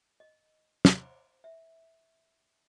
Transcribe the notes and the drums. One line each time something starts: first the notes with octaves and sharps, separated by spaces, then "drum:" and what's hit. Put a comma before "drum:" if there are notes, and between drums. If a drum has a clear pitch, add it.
D#5
C5, drum: snare
E5